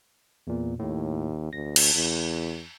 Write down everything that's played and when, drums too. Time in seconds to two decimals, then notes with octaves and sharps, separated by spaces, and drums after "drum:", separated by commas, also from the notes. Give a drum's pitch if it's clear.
0.47 E2 A#2
0.79 D#2 A2
1.53 D2 A#6
1.76 drum: cymbal
1.95 E2